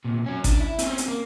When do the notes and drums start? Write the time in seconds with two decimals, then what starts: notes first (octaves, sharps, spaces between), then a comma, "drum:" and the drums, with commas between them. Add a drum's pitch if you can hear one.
0.05 C2 A#2
0.26 F#3 C#4
0.44 D4, drum: kick G#1, hi-hat
0.60 E4
0.79 C4 C#4, drum: hi-hat
0.98 drum: hi-hat
1.08 A#3